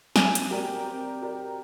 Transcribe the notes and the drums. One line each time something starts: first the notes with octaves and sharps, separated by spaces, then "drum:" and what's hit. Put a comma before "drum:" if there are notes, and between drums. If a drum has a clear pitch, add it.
C4 G#5, drum: snare
drum: hi-hat
G4 A#4 D5
C4
G4 A#4 D5